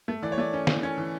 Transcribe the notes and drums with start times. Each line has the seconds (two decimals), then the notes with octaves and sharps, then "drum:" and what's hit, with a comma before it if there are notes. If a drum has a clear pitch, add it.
0.08 A3
0.23 E3 D5
0.32 C#5
0.38 A3 D5
0.53 C#4
0.67 E3, drum: snare
0.83 C#4
0.98 E3